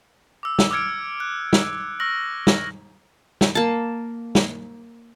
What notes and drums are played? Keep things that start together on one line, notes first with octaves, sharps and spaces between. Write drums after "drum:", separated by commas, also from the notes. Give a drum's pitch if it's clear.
D6 E6
drum: snare
D6 E6 F6 G#6 C#7 D7
F#6
drum: snare
C#6 E6 F6 A#6 F#7
drum: snare
drum: snare
A#3 A5
drum: snare